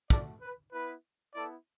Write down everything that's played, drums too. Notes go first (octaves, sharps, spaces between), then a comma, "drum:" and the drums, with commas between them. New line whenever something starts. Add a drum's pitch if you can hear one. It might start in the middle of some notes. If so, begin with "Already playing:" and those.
A3 F#4 A4 D5, drum: kick
B4
B3 E4 B4
B3 E4 A4 D5